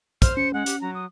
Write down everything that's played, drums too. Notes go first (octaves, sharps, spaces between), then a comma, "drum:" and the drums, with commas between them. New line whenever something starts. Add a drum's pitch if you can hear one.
C5 F6, drum: kick, hi-hat
C#4 C#7
G#3 F#5
G4, drum: hi-hat
F#3 A#5
D#6